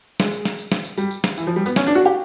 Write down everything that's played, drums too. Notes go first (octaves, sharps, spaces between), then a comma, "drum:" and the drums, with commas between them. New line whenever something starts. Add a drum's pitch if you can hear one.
G#3, drum: snare
drum: tambourine
drum: snare
drum: tambourine
drum: snare
drum: tambourine
G3, drum: tambourine
drum: tambourine
drum: snare
E3, drum: tambourine
F3
G3
B3, drum: tambourine
C#4, drum: snare
D4, drum: tambourine
F#4
G4